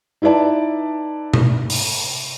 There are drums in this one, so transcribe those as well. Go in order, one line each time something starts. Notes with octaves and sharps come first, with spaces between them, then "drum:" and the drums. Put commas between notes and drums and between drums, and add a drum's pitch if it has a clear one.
D#4 E4 B4 D5 A5
drum: tom B2
drum: open hi-hat